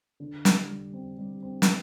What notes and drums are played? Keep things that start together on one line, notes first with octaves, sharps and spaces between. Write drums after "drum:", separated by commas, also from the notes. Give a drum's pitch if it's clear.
D3
G3, drum: snare
G3
C4
G3
C4
drum: snare